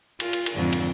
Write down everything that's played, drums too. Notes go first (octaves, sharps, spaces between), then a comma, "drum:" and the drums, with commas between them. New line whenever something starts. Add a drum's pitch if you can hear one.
F4, drum: cymbal
drum: cymbal
drum: cymbal
F2 G#2 D3
drum: cymbal